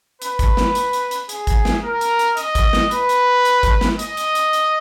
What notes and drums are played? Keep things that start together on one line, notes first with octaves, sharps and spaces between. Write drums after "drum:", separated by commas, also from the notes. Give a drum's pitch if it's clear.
B4, drum: hi-hat
drum: kick G#1, hi-hat
drum: snare
drum: hi-hat
drum: hi-hat
drum: hi-hat
G#4, drum: hi-hat
drum: kick G#1, hi-hat
drum: snare
A#4
drum: hi-hat
drum: hi-hat
D#5, drum: hi-hat
drum: kick G#1, hi-hat
drum: snare
B4, drum: hi-hat
drum: hi-hat
drum: hi-hat
drum: kick G#1, hi-hat
drum: snare
D#5, drum: hi-hat
drum: hi-hat
drum: hi-hat
drum: hi-hat